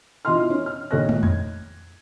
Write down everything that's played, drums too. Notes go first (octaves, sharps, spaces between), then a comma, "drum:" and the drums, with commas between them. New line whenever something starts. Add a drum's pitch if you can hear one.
B2 E3 F4 D#5 C6 F6
C#4
F6
A#2 D#3 C#5 D#5 F#6 A#6
drum: tom
G#6, drum: tom F2